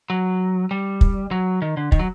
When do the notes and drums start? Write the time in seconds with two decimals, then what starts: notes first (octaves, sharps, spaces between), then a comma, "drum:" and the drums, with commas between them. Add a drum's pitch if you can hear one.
0.10 F#3
0.71 G3
1.01 drum: kick
1.31 F#3
1.62 D#3
1.77 D3
1.92 D#3, drum: kick
1.99 F#3